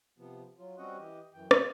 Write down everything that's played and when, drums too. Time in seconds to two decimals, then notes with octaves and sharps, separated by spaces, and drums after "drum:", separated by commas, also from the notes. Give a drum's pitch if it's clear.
0.18 C3 F3 B3
0.58 F#3 F4
0.78 G3 C4 C#4 F#4 D#5 F#5
0.97 E3 G4 D#5
1.33 F#2 E3 G5
1.51 B3 F4 G#4 C5 D#5, drum: rim click